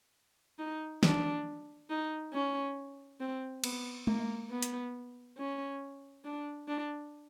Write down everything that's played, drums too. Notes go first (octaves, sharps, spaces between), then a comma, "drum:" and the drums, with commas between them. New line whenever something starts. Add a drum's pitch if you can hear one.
D#4
D4, drum: snare
D#4
C#4
C4
B3, drum: cymbal
A#3, drum: tom G#3
B3
drum: hi-hat
C#4
D4
D4